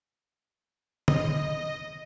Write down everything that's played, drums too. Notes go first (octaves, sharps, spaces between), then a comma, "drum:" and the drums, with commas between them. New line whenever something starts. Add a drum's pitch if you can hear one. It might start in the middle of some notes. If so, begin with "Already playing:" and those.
D#5, drum: tom